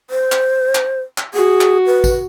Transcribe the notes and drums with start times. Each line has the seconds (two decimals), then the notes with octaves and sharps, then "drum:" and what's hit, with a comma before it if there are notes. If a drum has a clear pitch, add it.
0.10 C5
0.32 drum: clap
0.75 drum: clap
1.18 drum: clap
1.34 F#4 G#4
1.61 drum: clap
1.86 B4
2.04 drum: kick, tambourine